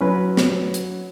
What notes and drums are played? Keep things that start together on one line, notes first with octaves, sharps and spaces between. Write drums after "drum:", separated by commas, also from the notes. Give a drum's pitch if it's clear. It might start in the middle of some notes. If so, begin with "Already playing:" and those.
F#3 C#4 F#4 B4
drum: snare
drum: hi-hat